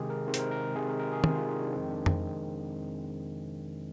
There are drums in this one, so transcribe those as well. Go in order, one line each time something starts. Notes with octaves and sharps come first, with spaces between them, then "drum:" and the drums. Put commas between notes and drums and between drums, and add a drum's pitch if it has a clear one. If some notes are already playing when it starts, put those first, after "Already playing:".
Already playing: C3 D#3 G#3 G4 G#4
A#4
C3 D#3 G#3
C5, drum: hi-hat
A#4
A#4
C3 D#3 G#3 G#4
A#4
A#4
G#4
C3 D#3 G#3 G#4, drum: tom
F4
D#4
D4
F2 D#3 G#3 C4
D4
C4, drum: tom F2